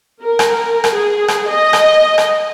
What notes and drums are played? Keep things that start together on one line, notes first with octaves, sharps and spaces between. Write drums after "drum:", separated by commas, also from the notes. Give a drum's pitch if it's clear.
A#4
drum: rim click
drum: rim click
G#4
drum: rim click
D#5
drum: rim click
drum: rim click